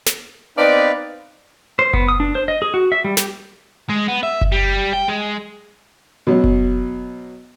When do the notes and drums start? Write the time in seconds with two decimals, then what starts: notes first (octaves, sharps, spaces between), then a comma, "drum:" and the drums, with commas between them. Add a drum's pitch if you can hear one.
0.07 drum: snare
0.57 B3 C4 D#4 B4 D5 F5
1.79 C5
1.93 B3, drum: kick F#1
2.08 D#6
2.20 D4
2.35 C5
2.48 D#5
2.62 G#4
2.74 F#4
2.92 E5
3.04 G3
3.17 G4, drum: snare
3.90 G#3
4.08 B3
4.23 E5
4.41 drum: kick F#1
4.52 G3
4.93 G5
5.08 G#3
6.27 B2 F#3
6.44 drum: kick F#1